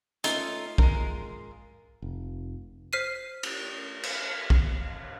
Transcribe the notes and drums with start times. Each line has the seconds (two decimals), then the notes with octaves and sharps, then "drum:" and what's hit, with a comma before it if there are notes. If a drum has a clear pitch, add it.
0.24 A3 C#4 D#4 F4, drum: hi-hat
0.78 G#3 A#4, drum: kick
2.02 F1
2.93 C5 F6 B6 C7 D#7
3.43 drum: cymbal
4.03 drum: cymbal
4.50 drum: kick